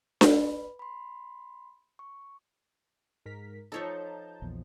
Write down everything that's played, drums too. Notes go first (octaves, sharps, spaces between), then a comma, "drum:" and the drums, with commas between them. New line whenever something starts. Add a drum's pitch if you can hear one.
B4 B5, drum: snare D4
B5 C6
C#6
G#2 A#4 B6
F3 D#4 A4 C#5 E5 A5 A#5 G6
A#1 E2